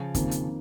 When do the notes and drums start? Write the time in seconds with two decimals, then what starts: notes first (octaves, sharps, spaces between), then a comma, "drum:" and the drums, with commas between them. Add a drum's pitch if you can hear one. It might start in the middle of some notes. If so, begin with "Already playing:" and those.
Already playing: C#3 F3
0.15 F2 D#3 A#3, drum: kick, hi-hat
0.31 drum: hi-hat